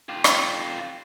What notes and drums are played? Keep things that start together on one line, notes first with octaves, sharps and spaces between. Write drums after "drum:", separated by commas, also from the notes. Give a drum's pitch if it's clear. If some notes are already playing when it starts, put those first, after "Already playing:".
F4 G4
drum: rim click